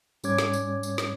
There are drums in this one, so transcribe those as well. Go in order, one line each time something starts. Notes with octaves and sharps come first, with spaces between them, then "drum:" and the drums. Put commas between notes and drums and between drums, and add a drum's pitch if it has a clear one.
G#2 G3 C#4 C#5 D6 G#6, drum: tambourine
drum: snare
drum: tambourine
drum: tambourine
drum: snare